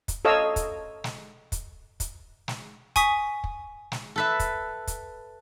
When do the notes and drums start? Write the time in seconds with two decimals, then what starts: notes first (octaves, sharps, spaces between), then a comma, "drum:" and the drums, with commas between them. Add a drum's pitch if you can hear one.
0.08 drum: kick, hi-hat
0.25 A4 C#5 D#5 F5 E6
0.56 drum: kick, hi-hat
1.04 drum: snare
1.52 drum: kick, hi-hat
2.00 drum: kick, hi-hat
2.48 drum: snare
2.96 G#5 C#6 D#6 B6, drum: kick, hi-hat
3.44 drum: kick
3.92 drum: snare
4.16 A4 B4 E5
4.40 drum: kick, hi-hat
4.87 drum: kick, hi-hat